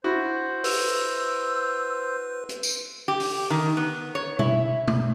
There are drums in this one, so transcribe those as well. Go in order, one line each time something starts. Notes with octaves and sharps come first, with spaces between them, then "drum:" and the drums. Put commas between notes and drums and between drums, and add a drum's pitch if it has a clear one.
E4 F#4 C5
B4 E6, drum: open hi-hat
drum: hi-hat
drum: tambourine
G4
drum: open hi-hat
D#3
B3
C#5
E4, drum: tom B2
drum: tom